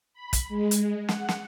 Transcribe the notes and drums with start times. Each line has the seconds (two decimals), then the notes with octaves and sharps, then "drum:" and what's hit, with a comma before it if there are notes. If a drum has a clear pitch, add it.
0.14 B5
0.33 drum: kick, hi-hat
0.49 G#3
0.71 drum: hi-hat
1.09 F#5, drum: snare
1.29 drum: snare